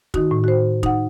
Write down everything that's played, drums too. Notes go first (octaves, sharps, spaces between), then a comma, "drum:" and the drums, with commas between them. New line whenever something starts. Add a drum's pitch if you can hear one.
D#3 D#4 F#4, drum: kick
A2
F#4 C5
D#4 F#5, drum: kick